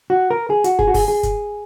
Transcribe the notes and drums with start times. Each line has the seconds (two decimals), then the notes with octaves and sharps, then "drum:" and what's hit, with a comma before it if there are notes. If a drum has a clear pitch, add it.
0.10 F#4
0.31 A#4
0.50 G#4
0.64 F#4, drum: hi-hat
0.79 G#4, drum: kick
0.88 F#4
0.94 G#4, drum: kick, open hi-hat
1.08 G#4
1.23 drum: kick, hi-hat